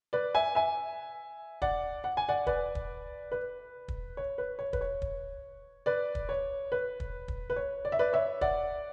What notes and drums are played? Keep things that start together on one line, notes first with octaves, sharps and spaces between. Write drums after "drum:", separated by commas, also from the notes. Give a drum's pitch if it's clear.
B4 D5
E5 G#5
E5 G#5
D5 F#5, drum: kick
F#5
G#5
D5 F#5
B4 D5, drum: kick
drum: kick
B4
drum: kick
C#5
B4
C#5
B4, drum: kick
C#5
drum: kick
B4 D5
drum: kick
C#5
B4
drum: kick
drum: kick
B4
C#5
D5
E5
B4 D5
C#5 E5
D5 F#5, drum: kick